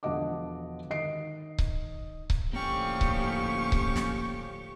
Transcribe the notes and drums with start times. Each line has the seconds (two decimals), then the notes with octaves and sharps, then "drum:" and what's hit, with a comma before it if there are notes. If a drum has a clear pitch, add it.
0.03 E1 D3 F3 D#5 F#5 D6
0.90 D#3 D#5 C7 D7
1.58 drum: kick C#1
2.30 drum: kick C#1
2.53 A2 D3 F3 A#3 C#4 G4 G5 C#6
3.01 drum: kick C#1
3.72 drum: kick C#1
3.96 drum: snare